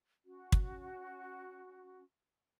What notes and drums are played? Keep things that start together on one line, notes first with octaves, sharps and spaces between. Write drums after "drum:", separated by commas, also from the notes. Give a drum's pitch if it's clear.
C#4 F#4
drum: kick